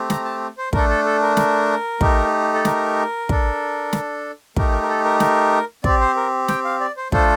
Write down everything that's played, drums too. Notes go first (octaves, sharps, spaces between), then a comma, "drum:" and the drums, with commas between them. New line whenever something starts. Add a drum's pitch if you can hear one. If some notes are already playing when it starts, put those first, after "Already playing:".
Already playing: A3 C4 G4
A#5, drum: snare
A5
C5
A3 D4 A4 A#4, drum: kick
A4
A4
A#4
A#4, drum: snare
A3 D#4 G4, drum: kick
A4
A#4, drum: snare
D4 A4, drum: kick
drum: snare
A3 D#4 G4 A#4, drum: kick
A#4
A#4
A4
A#4
A#4, drum: snare
C4 G4 D5, drum: kick
C5
A#4
G5, drum: snare
F5
D5
C5
A3 D4 F4 A4 C5, drum: kick